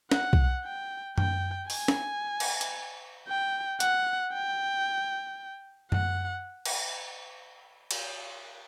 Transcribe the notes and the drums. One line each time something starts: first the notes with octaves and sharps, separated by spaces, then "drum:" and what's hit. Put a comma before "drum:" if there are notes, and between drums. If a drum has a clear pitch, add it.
F#5, drum: snare
drum: kick
G5
G5, drum: tom F#2
G#5, drum: open hi-hat
drum: snare
drum: cymbal
drum: hi-hat
G5
F#5, drum: hi-hat
G5
F#5, drum: tom F#2
drum: cymbal
drum: cymbal